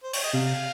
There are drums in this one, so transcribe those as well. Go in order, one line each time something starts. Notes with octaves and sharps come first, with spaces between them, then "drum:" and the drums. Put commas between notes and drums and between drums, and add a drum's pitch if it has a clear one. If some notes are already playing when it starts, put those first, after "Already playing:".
C5
C#5, drum: open hi-hat
D#5
C3 F5